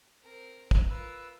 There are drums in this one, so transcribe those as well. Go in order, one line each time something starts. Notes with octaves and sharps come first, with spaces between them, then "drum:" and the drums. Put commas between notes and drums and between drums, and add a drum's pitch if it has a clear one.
C4 A#4
drum: kick
F4 A#4 B4 E6